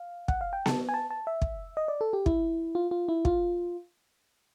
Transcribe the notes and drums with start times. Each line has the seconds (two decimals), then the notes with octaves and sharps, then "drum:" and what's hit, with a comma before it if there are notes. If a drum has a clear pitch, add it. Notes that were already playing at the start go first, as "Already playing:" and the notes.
Already playing: F5
0.28 F#5, drum: kick
0.41 F5
0.53 G5
0.66 A5, drum: snare B3
0.89 G#5
0.94 A5
1.10 A5
1.27 E5
1.42 drum: kick
1.77 D#5
1.88 D5
2.01 A4
2.13 G4
2.26 E4, drum: kick
2.75 F4
2.91 F4
3.09 E4
3.25 F4, drum: kick